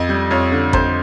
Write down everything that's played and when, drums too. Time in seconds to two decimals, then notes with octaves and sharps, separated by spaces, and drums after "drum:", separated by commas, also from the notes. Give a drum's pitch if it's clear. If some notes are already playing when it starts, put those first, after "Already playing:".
Already playing: F2 D#5
0.09 G3
0.31 F2 C#5
0.52 D3
0.73 F2 C5, drum: kick G#1